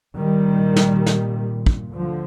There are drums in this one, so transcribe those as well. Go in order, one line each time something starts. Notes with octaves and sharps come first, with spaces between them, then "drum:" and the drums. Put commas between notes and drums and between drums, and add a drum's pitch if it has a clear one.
C2 A#2 D#3 G3
drum: snare
drum: snare
drum: kick
D2 D3 F3